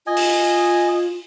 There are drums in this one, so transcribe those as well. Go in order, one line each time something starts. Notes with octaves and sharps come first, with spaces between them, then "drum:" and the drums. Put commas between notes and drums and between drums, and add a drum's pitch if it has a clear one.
F4 D#5 G#5
drum: open hi-hat